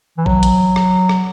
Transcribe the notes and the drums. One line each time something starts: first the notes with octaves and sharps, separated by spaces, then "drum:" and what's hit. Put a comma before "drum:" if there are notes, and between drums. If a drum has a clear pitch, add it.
E3
F#3, drum: kick A1
drum: hi-hat
drum: rim click
drum: rim click